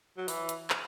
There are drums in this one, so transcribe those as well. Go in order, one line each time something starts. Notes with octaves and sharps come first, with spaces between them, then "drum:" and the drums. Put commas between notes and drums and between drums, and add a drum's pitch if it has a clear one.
F#3
E3, drum: open hi-hat
drum: hi-hat
drum: clap